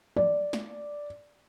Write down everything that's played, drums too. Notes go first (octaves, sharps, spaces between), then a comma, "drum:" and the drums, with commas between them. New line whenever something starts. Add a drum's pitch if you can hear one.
D5, drum: tom
drum: snare